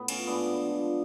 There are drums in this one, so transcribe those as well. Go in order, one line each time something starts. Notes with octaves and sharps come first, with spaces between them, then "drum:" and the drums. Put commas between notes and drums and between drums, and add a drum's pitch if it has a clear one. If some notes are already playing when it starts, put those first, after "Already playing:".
Already playing: A2 B3
F3 C#4, drum: cymbal
G#2 B3 D4
G#2
F3
F3